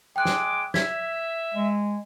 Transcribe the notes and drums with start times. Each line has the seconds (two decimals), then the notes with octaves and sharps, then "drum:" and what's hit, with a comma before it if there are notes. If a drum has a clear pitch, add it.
0.16 G#3 G5 D6 F#6
0.25 drum: snare
0.74 E5 G#6 B6, drum: snare
1.54 G#3